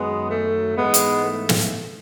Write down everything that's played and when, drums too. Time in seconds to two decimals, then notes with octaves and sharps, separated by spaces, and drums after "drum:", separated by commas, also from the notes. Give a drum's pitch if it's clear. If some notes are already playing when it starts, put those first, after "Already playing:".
Already playing: F#2 D#3 F#3 G#3 B3
0.29 A3
0.77 G#2 E3 G#3 B3
0.94 drum: hi-hat
1.24 A3
1.49 drum: snare